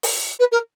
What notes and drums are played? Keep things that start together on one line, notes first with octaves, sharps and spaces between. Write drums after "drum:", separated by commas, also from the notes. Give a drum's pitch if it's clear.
drum: open hi-hat
B4
A#4